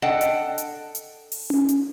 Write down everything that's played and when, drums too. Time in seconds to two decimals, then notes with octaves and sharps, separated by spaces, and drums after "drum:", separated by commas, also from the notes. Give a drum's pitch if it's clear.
0.02 D4 A4 D#5 F#5 G5 A5
0.21 drum: hi-hat
0.58 drum: hi-hat
0.95 drum: hi-hat
1.32 drum: open hi-hat
1.50 drum: tom C#4
1.69 drum: hi-hat